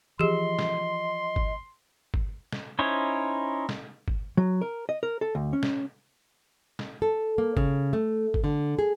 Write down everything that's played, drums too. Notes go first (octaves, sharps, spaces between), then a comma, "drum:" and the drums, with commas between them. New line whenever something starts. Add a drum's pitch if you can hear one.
E3 F3 G4 G#4 D#5 C6
drum: snare
drum: kick G1
drum: kick G1
drum: snare
C#4 D#4 E4 C5 C#5
drum: snare
drum: kick G1
F#3
A#4
D#5
A#4
A4
D2
C#4
drum: snare
drum: snare
A4
A#3
C#3, drum: kick G1
A3
drum: kick G1
D3
G#4